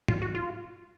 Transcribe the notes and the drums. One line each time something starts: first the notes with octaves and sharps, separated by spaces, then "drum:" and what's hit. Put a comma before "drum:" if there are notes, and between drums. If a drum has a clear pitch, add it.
F4, drum: tom
F#4
F4